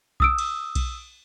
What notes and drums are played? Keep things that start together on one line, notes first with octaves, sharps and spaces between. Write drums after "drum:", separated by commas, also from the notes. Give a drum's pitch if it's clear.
D#6 E6 D7, drum: kick B1
drum: cymbal
drum: kick B1, cymbal